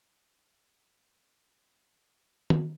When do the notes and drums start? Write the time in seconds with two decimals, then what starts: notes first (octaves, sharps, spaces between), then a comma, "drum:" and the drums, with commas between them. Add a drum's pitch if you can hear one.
1.12 B3 C4 F4 G4 A#4 A#5
2.50 drum: tom